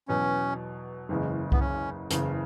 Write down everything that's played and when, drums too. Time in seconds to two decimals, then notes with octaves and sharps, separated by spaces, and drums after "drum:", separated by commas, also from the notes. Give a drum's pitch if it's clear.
0.08 E2 B2 F#3 C#4
1.09 F#1 E2 C#3 G#3
1.52 B3, drum: kick C2
1.60 C#4
2.11 F#1 E2 C#3, drum: hi-hat